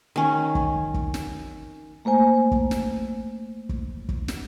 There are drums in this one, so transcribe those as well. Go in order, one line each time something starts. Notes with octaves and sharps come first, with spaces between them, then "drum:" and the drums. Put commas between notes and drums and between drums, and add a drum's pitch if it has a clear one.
D#3 C#4
drum: kick
drum: kick
drum: snare
A3 A#3 C5 G#5
drum: kick
drum: snare
drum: kick
drum: kick
drum: snare